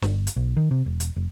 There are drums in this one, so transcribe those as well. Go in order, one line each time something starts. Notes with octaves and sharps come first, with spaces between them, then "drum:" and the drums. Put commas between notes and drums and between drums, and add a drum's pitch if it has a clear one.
G1, drum: snare
drum: hi-hat
B1
D#3
C3
E1
drum: hi-hat
F1